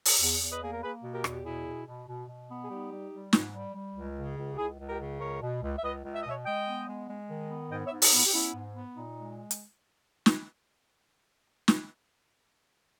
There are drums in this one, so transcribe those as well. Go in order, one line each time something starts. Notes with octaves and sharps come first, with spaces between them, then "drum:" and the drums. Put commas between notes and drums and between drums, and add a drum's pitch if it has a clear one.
drum: open hi-hat
E2
E2
B4 D#5
A#3 G#4
A#4
A#3 G#4 B4
B2
G4 A#4
E2, drum: rim click
G4
B2 E4 G#4
B2
B2
B2
B2
B3
G#4
G3 D#4 G4
G3
G3
G#2, drum: snare
G3
G3
C#2
C#3
C#2
G4
C#2 E4 G#4
C#2
G4 A#4
C#3
C#2 A#4 C#5
B2
C#2
E5
C#2 B4 D#5
C#2
E5
D#5
B2 C#5 E5
G#3 D#5 G5
B3
G#3
G#3
D#3
B3
G#2 D#5 G5
C#5 E5
G#2
D#4 G4, drum: open hi-hat
B3
E4
G4
B3 C#4 E4
G#2
B3
A#2 D#4
G#3
drum: hi-hat
drum: snare
drum: snare